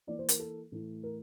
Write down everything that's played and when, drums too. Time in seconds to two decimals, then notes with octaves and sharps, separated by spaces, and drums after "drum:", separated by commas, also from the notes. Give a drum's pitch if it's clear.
0.07 E3 A#3 E4 D5
0.19 C5
0.29 A#4, drum: hi-hat
0.39 A4
0.71 A2 E3 A3
1.03 A#4